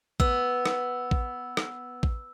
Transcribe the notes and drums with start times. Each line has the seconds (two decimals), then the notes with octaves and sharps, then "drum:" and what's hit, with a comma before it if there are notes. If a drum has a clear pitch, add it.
0.20 B3 E6, drum: kick A1
0.66 drum: rim click
1.11 drum: kick A1
1.57 drum: rim click
2.03 drum: kick A1